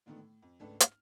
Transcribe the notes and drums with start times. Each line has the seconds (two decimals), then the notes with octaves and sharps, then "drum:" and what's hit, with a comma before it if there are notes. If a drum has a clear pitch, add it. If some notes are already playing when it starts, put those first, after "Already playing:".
0.06 A#2 D3 D#3 A3 B3
0.17 A2
0.42 F2
0.60 G#1 C#2 A3 D4 A4 B4
0.80 F6, drum: hi-hat